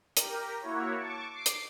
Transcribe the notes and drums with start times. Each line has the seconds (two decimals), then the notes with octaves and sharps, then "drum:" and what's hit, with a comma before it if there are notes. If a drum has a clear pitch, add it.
0.17 G4 A#4, drum: hi-hat
0.61 A#3 E4 F#4 C#5
0.93 A5 C#6 D6
1.31 D6 C7
1.46 drum: hi-hat